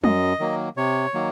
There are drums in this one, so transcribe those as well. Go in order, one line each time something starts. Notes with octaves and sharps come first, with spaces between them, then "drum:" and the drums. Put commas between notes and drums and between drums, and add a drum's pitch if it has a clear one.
F#2 D#5, drum: tom
D#3 F#3 A#3
C3 C#5
D#3 F#3 A#3